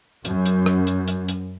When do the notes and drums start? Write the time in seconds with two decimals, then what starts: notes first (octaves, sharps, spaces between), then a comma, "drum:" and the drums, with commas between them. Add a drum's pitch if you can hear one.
0.25 F#2, drum: hi-hat
0.46 drum: hi-hat
0.66 drum: rim click
0.87 drum: hi-hat
1.08 drum: hi-hat
1.28 drum: hi-hat